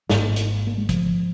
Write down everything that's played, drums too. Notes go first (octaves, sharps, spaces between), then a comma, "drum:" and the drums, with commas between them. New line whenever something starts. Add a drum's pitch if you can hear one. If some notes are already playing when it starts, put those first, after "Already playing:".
G#1 G#2 A#3, drum: snare
drum: hi-hat
A#3
G#3
F3, drum: kick, hi-hat